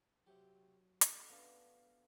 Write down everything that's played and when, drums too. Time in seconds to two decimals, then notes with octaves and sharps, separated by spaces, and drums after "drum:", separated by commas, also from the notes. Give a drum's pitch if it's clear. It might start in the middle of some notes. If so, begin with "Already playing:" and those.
0.26 C3 F#3 G4
1.01 A3 C#4 F#4 A4, drum: hi-hat
1.30 B3 D4 A4 F5